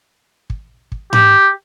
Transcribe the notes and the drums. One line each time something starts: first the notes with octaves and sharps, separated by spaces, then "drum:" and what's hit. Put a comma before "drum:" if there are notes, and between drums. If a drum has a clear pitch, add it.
drum: kick
drum: kick
G4, drum: tom G#2